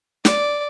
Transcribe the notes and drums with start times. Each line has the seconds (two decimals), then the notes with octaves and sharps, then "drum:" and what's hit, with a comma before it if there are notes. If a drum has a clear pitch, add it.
0.25 D5, drum: snare